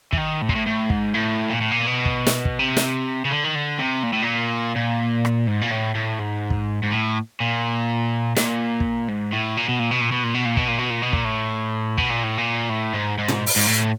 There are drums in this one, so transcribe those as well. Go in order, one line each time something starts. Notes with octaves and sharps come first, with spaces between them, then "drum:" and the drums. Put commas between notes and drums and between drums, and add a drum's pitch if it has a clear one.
E3, drum: kick
D#3
A2
A#2, drum: kick
A2
A2
G#2, drum: kick
A2
A#2
A2
A#2
B2
drum: kick
drum: snare
drum: kick
C3
drum: snare
C#3
D3
D#3
D3
C3
A#2
A2
A#2
A#2
drum: rim click
G#2
A#2
A2
A2
G#2
drum: kick
G#2
A2
A#2
A#2, drum: snare
drum: kick
G#2
A2
A#2
B2
A#2
B2
A#2
B2
A#2
B2
A#2
B2, drum: kick
A#2
B2
A#2
B2
A#2, drum: kick
A2
B2, drum: kick
A#2
A2
A#2
A2
G#2
G#2
drum: tom A#2
drum: open hi-hat
G#2
A2